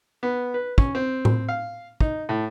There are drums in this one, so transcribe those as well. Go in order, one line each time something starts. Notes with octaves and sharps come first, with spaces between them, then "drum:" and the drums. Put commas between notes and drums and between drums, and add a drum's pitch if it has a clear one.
B3
B4
C#4, drum: kick
C4
drum: tom A2
F5
D#4, drum: kick
A2